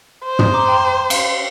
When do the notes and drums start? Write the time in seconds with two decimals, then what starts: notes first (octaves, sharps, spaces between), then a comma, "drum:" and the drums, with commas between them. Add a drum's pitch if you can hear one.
0.25 C5
0.39 C6 D#6, drum: tom
0.53 A#5 D6
0.67 G5 A#5
0.83 G5
1.10 F5, drum: cymbal